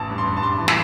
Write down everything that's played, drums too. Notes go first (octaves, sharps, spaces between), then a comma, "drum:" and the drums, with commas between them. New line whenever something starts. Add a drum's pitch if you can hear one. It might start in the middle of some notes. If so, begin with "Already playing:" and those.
Already playing: A1 A5
G2
C6
G2
A5
G2 C6
E3
E6, drum: snare